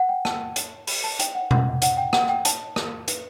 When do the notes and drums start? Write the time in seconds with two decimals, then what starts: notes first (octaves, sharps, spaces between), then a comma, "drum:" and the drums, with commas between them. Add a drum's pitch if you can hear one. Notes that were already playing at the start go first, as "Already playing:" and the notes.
Already playing: F#5
0.09 G5
0.25 A5, drum: rim click
0.56 drum: hi-hat
0.87 B5, drum: open hi-hat
1.03 A5
1.20 G5, drum: hi-hat
1.35 F#5
1.51 F#5, drum: tom B2
1.82 F#5, drum: hi-hat
1.97 G5
2.13 F#5, drum: rim click
2.29 G5
2.45 A5, drum: hi-hat
2.76 drum: rim click
3.08 B4, drum: hi-hat